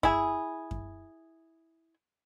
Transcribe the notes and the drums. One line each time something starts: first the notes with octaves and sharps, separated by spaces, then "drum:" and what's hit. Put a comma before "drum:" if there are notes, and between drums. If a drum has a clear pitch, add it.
E4 G#4, drum: kick F#2
drum: kick F#2